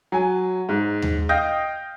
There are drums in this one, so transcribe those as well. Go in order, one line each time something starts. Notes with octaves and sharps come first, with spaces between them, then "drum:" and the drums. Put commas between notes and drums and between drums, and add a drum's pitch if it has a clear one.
F#3 G#5
G#2
drum: tom D#2
D#5 F5 G5 D#6 G6 A#6